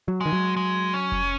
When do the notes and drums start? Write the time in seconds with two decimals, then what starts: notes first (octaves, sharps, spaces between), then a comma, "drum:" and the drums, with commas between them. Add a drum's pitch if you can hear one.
0.08 F#3
0.21 G#3
0.26 D#3
0.33 F#3
0.57 G#3
0.94 C#4
1.12 drum: kick F1